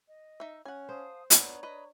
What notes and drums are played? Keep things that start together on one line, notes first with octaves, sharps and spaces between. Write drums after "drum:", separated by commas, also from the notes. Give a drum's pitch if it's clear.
D#5
D#4 E5
C#4 F#5 G#5
C5 F5 A5 D#6
B3 D4 C#5 A#5 C#6, drum: hi-hat
B4 D#5